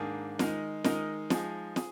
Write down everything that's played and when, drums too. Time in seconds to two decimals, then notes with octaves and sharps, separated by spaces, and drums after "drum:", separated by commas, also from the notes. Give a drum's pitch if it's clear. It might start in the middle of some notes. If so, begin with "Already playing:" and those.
Already playing: G#2 D#3 A#3 D4 G#4
0.39 D#3 G#3 D#4 A#4, drum: snare
0.84 D#3 G#3 D#4 A#4, drum: snare
1.30 F3 G#3 D#4 G#4, drum: snare
1.76 G#4, drum: snare